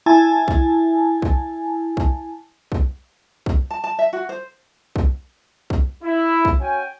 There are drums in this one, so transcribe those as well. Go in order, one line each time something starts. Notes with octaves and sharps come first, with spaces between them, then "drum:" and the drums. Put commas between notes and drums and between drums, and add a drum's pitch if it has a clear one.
E4 G#5 A5
drum: kick
drum: kick
drum: kick
drum: kick
drum: kick
A5
A5
E5
F#4
C5
drum: kick
drum: kick
E4
drum: kick
C#4 F#4 G5 G#5